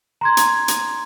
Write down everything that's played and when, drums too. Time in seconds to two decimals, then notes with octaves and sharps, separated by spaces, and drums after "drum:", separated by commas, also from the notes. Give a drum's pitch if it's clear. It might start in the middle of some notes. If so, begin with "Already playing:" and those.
0.21 A#5 C6 G#6
0.37 drum: hi-hat
0.68 drum: hi-hat